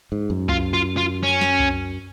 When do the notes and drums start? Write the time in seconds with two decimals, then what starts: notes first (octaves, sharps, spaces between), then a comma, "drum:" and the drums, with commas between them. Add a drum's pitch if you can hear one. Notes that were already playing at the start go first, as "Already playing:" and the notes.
0.12 G#2
0.30 F#2
0.49 F4, drum: kick C2
0.73 F4
0.98 F4
1.23 C#4
1.41 drum: snare
1.60 drum: kick C2